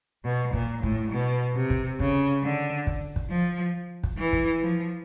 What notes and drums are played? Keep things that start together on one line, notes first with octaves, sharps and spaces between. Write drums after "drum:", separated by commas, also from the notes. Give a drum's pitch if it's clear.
B2
A#2, drum: kick
A2, drum: kick
B2
C3
drum: kick
C#3, drum: kick
D3
drum: kick
drum: kick
F3
drum: kick
E3
drum: kick
F3